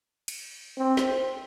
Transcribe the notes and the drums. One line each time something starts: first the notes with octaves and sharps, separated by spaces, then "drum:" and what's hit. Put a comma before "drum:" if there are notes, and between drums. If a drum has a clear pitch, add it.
drum: cymbal
C4
drum: snare